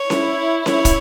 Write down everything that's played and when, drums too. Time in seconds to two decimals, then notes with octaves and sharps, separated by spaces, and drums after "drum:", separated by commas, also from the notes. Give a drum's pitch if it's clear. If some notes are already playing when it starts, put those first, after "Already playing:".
Already playing: C#5
0.10 E4, drum: snare C#4
0.66 C#5, drum: snare C#4
0.85 drum: kick, hi-hat